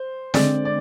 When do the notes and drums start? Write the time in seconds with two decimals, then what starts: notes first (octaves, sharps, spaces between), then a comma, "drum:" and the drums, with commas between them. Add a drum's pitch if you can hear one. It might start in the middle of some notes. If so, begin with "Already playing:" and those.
Already playing: C5
0.34 D3 G#3 C4 D5, drum: snare
0.65 D5